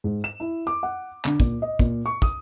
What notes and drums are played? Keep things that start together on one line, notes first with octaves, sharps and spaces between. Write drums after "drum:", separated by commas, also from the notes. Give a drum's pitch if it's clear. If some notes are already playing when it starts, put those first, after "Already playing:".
G#2
E7
E4
D6
F#5
D3, drum: clap
A#2, drum: kick
D#5
A#2, drum: kick
C#6
D#6, drum: kick